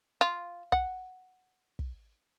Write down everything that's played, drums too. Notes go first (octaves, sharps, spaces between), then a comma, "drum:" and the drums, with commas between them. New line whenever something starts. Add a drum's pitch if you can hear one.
F4
F#5, drum: kick
drum: kick